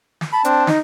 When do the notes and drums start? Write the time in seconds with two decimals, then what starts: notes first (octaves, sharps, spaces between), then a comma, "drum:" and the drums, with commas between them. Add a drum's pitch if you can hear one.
0.21 drum: snare
0.32 A5 B5
0.44 C4 D4, drum: hi-hat
0.67 D#4, drum: snare